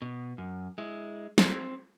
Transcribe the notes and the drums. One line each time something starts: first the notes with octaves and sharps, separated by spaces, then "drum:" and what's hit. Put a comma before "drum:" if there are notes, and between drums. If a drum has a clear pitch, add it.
B2
F#2
G#3 E4
C4, drum: snare